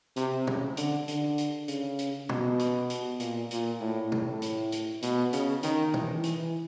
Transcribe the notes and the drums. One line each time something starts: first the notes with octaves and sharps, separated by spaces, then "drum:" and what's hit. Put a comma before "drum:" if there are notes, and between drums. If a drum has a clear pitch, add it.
C3, drum: hi-hat
C#3, drum: tom
D3, drum: hi-hat
D3, drum: hi-hat
drum: hi-hat
C#3, drum: hi-hat
drum: hi-hat
B2, drum: tom
drum: hi-hat
drum: hi-hat
A#2, drum: hi-hat
A#2, drum: hi-hat
A2
A2, drum: tom
drum: hi-hat
drum: hi-hat
B2, drum: hi-hat
C#3, drum: hi-hat
D#3, drum: hi-hat
E3, drum: tom
E3, drum: hi-hat